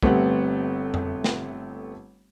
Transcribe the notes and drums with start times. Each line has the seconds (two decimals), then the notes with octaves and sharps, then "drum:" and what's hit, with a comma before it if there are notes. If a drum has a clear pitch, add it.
0.03 G1 A3 B3 C4 G4 F#5, drum: kick
0.94 drum: tom F2
1.24 drum: snare